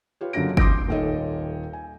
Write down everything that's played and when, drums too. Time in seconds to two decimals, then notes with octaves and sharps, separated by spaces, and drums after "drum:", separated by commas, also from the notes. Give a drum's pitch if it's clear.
0.21 F4 G4 B4 C#5
0.33 F#1 F#2 D3 F4 A#6 D7
0.57 C6 D6 D#6 G6 A#6 D7, drum: kick G1
0.88 D#1 D#3 A4 C#5 D#5
1.73 G#5